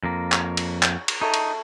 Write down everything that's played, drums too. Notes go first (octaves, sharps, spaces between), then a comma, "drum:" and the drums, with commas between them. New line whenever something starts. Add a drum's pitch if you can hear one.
F2 A#3
C#5, drum: clap
drum: cymbal
drum: clap
drum: cymbal
A3 D#4 C#5
drum: cymbal